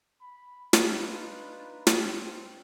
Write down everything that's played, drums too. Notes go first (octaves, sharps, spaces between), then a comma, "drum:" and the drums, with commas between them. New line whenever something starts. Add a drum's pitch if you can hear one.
B5
drum: snare
D4 D#4 F4 B4
F#2 C4, drum: snare